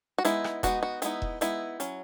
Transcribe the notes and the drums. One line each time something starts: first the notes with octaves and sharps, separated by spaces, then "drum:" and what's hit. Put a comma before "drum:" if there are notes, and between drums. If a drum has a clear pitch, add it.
F#4
G#3 B3 D#4 E4, drum: hi-hat
drum: rim click
G#3 B3 D#4 F#4, drum: kick E1, hi-hat
F#4
G#3 B3 D#4 E4, drum: hi-hat
drum: kick E1
G#3 B3 D#4 E4, drum: hi-hat
F#3 C#4, drum: hi-hat